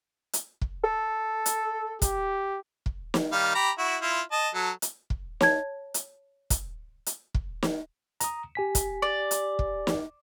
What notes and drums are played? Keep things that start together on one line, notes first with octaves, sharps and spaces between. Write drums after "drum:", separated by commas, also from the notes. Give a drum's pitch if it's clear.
drum: hi-hat
drum: kick
A4
drum: hi-hat
G4, drum: kick, hi-hat
drum: kick
drum: snare
D#3 G3 F5
G4 A#5 B5
E4 F#4
E4 F4
D#5 A5
F#3 A4
drum: hi-hat
drum: kick
C#5 A5 G#6, drum: snare
drum: hi-hat
drum: kick, hi-hat
drum: hi-hat
drum: kick
drum: snare
A#5 D#6, drum: hi-hat
G4 G#5 B6
drum: kick, hi-hat
D5
drum: hi-hat
drum: kick
drum: snare